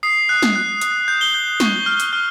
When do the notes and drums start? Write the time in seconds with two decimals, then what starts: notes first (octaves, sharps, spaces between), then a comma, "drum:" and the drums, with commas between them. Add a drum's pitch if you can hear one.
0.03 D#6 C7
0.29 F#6
0.42 drum: snare
0.56 F#6
0.81 D#6, drum: hi-hat
1.08 G6
1.21 G7
1.34 G6
1.60 C#6, drum: snare
1.86 F6
2.00 drum: hi-hat
2.13 F6